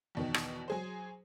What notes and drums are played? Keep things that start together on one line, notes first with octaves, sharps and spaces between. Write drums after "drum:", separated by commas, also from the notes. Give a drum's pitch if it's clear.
E2 B2 D#3
drum: rim click
F#3 G#4 C5